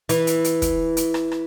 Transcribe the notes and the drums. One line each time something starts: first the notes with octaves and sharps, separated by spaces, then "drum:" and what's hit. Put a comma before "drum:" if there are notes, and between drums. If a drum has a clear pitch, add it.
E3, drum: hi-hat
drum: hi-hat
drum: hi-hat
drum: kick, hi-hat
drum: hi-hat
drum: rim click
drum: rim click